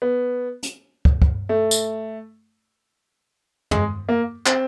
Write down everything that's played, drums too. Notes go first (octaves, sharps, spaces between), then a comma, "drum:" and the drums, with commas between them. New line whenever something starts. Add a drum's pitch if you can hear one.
B3
drum: hi-hat
drum: kick
drum: kick
A3
drum: tambourine
G#3, drum: tom
A#3
C4, drum: clap